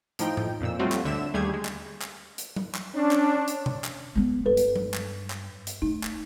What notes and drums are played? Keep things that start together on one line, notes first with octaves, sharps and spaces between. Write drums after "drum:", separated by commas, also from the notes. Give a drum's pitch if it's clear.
A2 F3 D#4 G5, drum: hi-hat
drum: tom G#2
F2 A#2 E6
F#3 G3 A3 C4 F4 F#4
drum: clap
D2 D3 E5 E7
D#2 G3 A3 G4 G#4 G#6
G#3
drum: clap
drum: clap
drum: hi-hat
drum: tom F#3
drum: clap
C#4 D4
drum: clap
drum: hi-hat
drum: tom B2
drum: clap
G#3 B3
G2 A4 B4
drum: hi-hat
drum: tom F#3
drum: clap
drum: clap
drum: hi-hat
A3 D#4
drum: clap